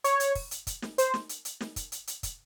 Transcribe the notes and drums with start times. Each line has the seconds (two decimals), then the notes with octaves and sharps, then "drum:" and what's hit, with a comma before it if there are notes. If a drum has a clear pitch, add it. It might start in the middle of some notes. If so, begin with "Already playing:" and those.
0.04 C#5, drum: hi-hat
0.20 drum: hi-hat
0.35 drum: kick, open hi-hat
0.51 drum: hi-hat
0.67 drum: kick, hi-hat
0.82 drum: snare
0.98 C5, drum: hi-hat
1.14 drum: snare
1.29 drum: hi-hat
1.45 drum: hi-hat
1.61 drum: snare
1.76 drum: kick, hi-hat
1.92 drum: hi-hat
2.07 drum: hi-hat
2.23 drum: kick, hi-hat